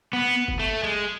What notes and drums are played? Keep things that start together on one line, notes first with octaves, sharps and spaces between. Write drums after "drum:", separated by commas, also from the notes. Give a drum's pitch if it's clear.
B3
drum: kick G1
A3
G#3